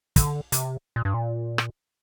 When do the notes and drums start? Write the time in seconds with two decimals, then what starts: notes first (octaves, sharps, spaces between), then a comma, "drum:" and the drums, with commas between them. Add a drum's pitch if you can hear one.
0.16 D3, drum: kick, hi-hat
0.52 C3, drum: hi-hat
0.96 A#2
1.05 G2
1.14 A#2
1.58 drum: rim click